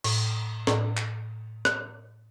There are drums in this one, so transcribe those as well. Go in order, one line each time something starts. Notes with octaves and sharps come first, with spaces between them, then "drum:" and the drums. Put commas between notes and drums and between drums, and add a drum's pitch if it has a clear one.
A2, drum: cymbal
A2, drum: snare
drum: clap
F#6, drum: rim click